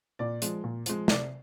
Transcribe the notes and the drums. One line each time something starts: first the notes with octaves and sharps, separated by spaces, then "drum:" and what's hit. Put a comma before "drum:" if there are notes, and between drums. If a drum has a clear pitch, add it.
A#2 D5
F3 G#3, drum: hi-hat
A#2
F3 G#3, drum: hi-hat
C3 D5, drum: snare